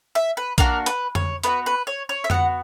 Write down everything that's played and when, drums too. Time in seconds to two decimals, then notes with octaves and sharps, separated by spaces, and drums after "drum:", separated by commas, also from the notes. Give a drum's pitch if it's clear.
0.15 E5
0.37 B4
0.58 A#3 D4 F#4 A#4, drum: kick A#1, hi-hat
0.86 B4, drum: hi-hat
1.15 C#5, drum: tom F2
1.43 B3 D4 F#4 B4, drum: hi-hat
1.66 B4
1.87 C#5
2.09 C#5
2.24 E5
2.30 B3 F#4 F#5, drum: tom F2